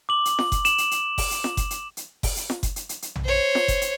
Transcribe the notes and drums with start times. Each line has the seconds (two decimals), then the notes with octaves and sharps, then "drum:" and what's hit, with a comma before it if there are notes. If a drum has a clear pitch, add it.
0.09 D6 F#7
0.25 drum: hi-hat
0.39 drum: snare F4
0.52 drum: kick F#1, hi-hat
0.65 E7 F#7, drum: hi-hat
0.78 drum: hi-hat
0.91 drum: hi-hat
1.18 drum: kick F#1, open hi-hat
1.31 drum: hi-hat
1.44 drum: snare F4
1.57 drum: kick F#1, hi-hat
1.70 drum: hi-hat
1.97 drum: hi-hat
2.23 drum: kick F#1, open hi-hat
2.36 drum: hi-hat
2.50 drum: snare F4
2.63 drum: kick F#1, hi-hat
2.76 drum: hi-hat
2.89 drum: hi-hat
3.02 drum: hi-hat
3.16 drum: tom A#1
3.25 C5 C#5
3.55 drum: snare F4
3.68 drum: kick F#1, hi-hat
3.81 drum: hi-hat